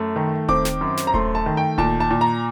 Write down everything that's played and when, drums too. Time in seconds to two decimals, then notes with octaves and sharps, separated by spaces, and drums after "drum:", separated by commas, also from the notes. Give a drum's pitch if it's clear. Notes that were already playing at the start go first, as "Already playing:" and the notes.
Already playing: F#2 A3
0.16 D#3
0.48 C4 D6, drum: kick D#1
0.65 drum: snare
0.81 F#2
0.97 drum: snare
1.07 A#5
1.14 A3 C6, drum: kick D#1
1.35 A5
1.46 D#3
1.57 G5
1.78 A#2 A5, drum: kick D#1
2.00 A5
2.11 A#2
2.21 A#5